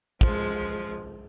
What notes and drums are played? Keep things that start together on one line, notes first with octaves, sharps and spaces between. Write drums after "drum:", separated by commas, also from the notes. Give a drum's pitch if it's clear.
F3 G#3, drum: kick